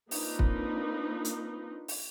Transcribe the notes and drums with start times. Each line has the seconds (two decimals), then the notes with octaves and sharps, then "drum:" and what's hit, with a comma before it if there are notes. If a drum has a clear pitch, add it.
0.11 A#3 C4 D4 D#4 F4 B4, drum: open hi-hat
0.39 drum: kick
1.25 drum: hi-hat
1.88 drum: open hi-hat